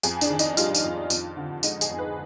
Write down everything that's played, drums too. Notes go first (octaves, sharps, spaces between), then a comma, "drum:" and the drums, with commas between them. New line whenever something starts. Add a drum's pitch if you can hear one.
F2 G#4, drum: tambourine
D4, drum: tambourine
D#3
D#4, drum: tambourine
G3 F4, drum: tambourine
drum: tambourine
F2
F2, drum: tambourine
D3
G#3 D#4, drum: tambourine
G#4, drum: tambourine
F2
B4